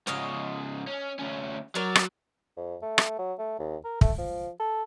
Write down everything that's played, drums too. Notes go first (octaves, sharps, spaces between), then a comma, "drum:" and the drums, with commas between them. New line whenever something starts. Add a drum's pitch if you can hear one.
G#2 C#3 C#5 D#5 F5
C#4
D2 C#4
F#3 A#4 C#5 D5
drum: rim click
F2
A3
drum: rim click
F#3
A3
D#2
A#4
A3, drum: kick
F3
A4